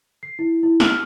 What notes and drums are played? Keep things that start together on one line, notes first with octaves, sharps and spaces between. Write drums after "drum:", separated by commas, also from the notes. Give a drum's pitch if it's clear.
C7
E4
E4
F6, drum: snare